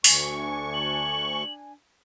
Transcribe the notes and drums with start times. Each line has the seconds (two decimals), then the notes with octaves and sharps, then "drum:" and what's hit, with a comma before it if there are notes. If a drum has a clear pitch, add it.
0.04 D2 D4 G#5 C#6, drum: open hi-hat
0.74 F#7